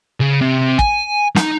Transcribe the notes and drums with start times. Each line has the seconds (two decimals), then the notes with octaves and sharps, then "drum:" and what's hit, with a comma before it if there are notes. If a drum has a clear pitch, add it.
0.20 C#3
0.41 C3
0.79 G#5, drum: kick
1.36 D#4, drum: snare